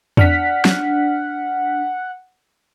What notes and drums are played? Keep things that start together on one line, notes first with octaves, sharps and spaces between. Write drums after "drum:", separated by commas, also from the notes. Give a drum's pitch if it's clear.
D4 F#5 F6 B6, drum: tom E2
drum: snare